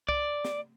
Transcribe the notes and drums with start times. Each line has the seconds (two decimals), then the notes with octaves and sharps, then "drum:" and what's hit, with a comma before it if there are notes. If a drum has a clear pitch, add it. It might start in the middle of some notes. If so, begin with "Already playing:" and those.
0.09 D5, drum: kick C2
0.45 drum: snare